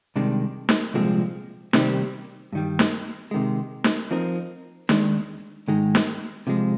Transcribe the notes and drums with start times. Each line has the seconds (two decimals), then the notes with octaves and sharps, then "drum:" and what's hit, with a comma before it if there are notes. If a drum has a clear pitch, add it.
0.16 C2 C3 D#3 G#3 D4
0.69 drum: snare
0.94 C2 A#2 F3 G#3 C4
1.73 C3 D#3 G3 C4, drum: snare
2.53 G2 D#3 G3
2.79 drum: snare
3.31 C3 D#3 G#3
3.84 drum: snare
4.11 F3 C4 D#4 A#4
4.89 D#2 D#3 G#3 D4, drum: snare
5.68 G#2 D#3 G#3 D#4
5.95 drum: snare
6.47 C3 F3 G#3